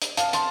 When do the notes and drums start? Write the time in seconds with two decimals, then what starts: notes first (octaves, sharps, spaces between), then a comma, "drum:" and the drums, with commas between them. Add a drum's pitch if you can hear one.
0.02 drum: hi-hat
0.17 F5 A5, drum: hi-hat
0.33 A5 C6, drum: hi-hat